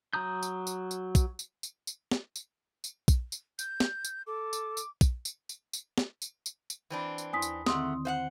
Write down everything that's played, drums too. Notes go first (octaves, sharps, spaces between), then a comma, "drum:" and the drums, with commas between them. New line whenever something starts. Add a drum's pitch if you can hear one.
F#3 A#5 D#6 G6
drum: tambourine
drum: tambourine
drum: tambourine
drum: kick, tambourine
drum: tambourine
drum: tambourine
drum: tambourine
drum: snare
drum: tambourine
drum: tambourine
drum: kick, tambourine
drum: tambourine
G6, drum: tambourine
drum: snare
drum: tambourine
A4 D6
drum: tambourine
drum: tambourine
drum: kick, tambourine
drum: tambourine
drum: tambourine
drum: tambourine
drum: snare
drum: tambourine
drum: tambourine
drum: tambourine
E3 C4 D4
drum: tambourine
D#2 E4 G#5 C6 D#6 B6
drum: tambourine
G#2 D3 D#3 A3 C4 F#5 C6 D#6, drum: snare
C5 F5 F#5